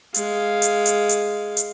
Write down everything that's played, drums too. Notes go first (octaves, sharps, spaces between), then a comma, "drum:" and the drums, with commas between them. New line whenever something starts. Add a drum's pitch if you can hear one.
G#3 F5, drum: hi-hat
drum: hi-hat
drum: hi-hat
drum: hi-hat
drum: hi-hat